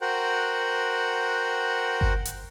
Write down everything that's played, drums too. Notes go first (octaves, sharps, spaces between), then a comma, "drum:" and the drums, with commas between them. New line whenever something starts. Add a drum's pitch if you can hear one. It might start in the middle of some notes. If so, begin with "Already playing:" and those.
F#4 A#4 C5 F#5 G5
drum: kick G1
drum: hi-hat